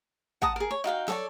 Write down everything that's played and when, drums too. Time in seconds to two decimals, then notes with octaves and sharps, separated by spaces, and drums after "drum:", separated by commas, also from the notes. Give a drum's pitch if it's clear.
0.42 F#5 A5 A#5 D#6, drum: kick
0.56 G#4 A#4
0.71 C#5
0.84 D#4 F#4 F5 G5
1.08 A4 C#5 D5, drum: snare